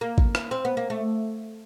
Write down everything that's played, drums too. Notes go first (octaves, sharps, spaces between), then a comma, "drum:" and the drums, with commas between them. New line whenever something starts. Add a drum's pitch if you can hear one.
A#3
drum: kick
drum: rim click
C4
B3
A#3
A3